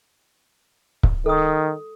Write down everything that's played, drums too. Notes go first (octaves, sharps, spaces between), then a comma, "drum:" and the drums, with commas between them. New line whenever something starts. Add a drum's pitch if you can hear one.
drum: kick C#1
D#3 A4 D#6